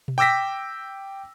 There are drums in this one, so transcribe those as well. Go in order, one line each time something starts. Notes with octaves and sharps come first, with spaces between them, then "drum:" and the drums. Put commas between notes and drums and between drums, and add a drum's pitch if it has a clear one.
drum: tom B2
G5 D6 E6 A#6 B6